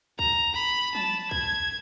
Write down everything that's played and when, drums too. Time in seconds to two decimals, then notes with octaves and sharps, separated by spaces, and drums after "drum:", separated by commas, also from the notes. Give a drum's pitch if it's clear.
0.19 A#5, drum: kick
0.54 B5
0.95 A5, drum: tom F3
1.31 G#6, drum: kick